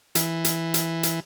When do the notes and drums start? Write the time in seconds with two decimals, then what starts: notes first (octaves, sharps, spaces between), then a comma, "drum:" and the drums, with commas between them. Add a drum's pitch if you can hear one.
0.15 E3, drum: hi-hat
0.45 drum: hi-hat
0.74 drum: hi-hat
1.03 drum: hi-hat